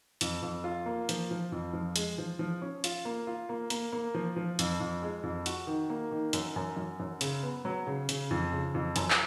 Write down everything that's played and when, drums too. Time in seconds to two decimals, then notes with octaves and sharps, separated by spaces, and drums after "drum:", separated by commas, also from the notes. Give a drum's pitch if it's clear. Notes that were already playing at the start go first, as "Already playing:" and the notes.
0.21 F2, drum: hi-hat
0.42 F2
0.64 F4
0.86 A#3
1.09 F3, drum: hi-hat
1.31 F3
1.52 F2
1.73 F3
1.96 G#3, drum: hi-hat
2.18 F3
2.39 F3
2.62 C#4
2.84 F4, drum: hi-hat
3.05 A#3
3.27 F4
3.49 A#3
3.70 A#3, drum: hi-hat
3.92 A#3
4.14 F3
4.36 F3
4.59 F2, drum: hi-hat
4.80 F2
5.02 G#3
5.23 F2
5.46 F#4, drum: hi-hat
5.67 D#3
5.90 A#3
6.11 D#3
6.33 F#2, drum: hi-hat
6.56 F#2
6.76 F#2
6.99 F#2
7.21 C#3, drum: hi-hat
7.43 B3
7.65 F#3
7.87 C#3
8.09 C#3, drum: hi-hat
8.31 F2
8.52 C#3
8.75 F2
8.96 F#2, drum: hi-hat
9.10 drum: clap